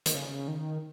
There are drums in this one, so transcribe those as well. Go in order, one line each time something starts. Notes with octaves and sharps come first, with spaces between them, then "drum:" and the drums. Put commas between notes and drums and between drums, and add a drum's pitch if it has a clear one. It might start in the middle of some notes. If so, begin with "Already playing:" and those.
D#3, drum: hi-hat
C#3
D#3